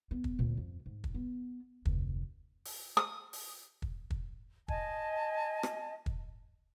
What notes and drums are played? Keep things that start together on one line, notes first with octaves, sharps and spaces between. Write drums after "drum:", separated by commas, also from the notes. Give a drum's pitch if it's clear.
B3
drum: kick
D2 A#2
F2
G#2
drum: kick
B3
F1 D2, drum: kick
drum: open hi-hat
D#6
drum: open hi-hat
drum: kick
drum: kick
D#5 G#5 A5, drum: kick
drum: rim click
drum: kick